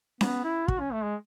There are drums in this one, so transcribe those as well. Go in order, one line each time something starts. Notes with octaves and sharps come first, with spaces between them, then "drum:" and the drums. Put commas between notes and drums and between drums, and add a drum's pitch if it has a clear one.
B3, drum: snare C#4
E4
F#4, drum: kick
C#4
A3
G#3